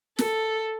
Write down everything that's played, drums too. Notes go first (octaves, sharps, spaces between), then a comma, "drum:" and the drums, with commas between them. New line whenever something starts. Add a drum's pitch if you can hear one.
A4, drum: snare